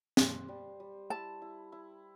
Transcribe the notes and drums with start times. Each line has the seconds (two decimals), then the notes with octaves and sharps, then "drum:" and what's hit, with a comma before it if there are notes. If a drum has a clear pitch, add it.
0.17 C5, drum: snare
0.48 G3
0.80 G3
1.10 E4 A5
1.42 E4
1.72 E4